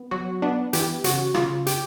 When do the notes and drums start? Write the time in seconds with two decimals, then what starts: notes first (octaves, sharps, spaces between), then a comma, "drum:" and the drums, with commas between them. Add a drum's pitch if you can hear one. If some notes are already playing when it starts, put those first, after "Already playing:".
Already playing: B3
0.11 F#3 F#4
0.42 B3 D4
0.73 E3 G4, drum: hi-hat
1.04 C#3 F#4, drum: hi-hat
1.34 C#3 F4, drum: rim click
1.67 G4, drum: hi-hat